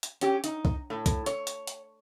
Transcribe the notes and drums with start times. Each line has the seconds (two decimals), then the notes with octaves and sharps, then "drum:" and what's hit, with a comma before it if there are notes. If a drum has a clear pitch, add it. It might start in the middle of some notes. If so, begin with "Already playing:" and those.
0.03 drum: hi-hat
0.21 C#4 G4, drum: hi-hat
0.44 D#4, drum: hi-hat
0.65 drum: kick
0.90 A2
1.06 drum: kick, hi-hat
1.26 C#5, drum: hi-hat
1.47 drum: hi-hat
1.67 drum: hi-hat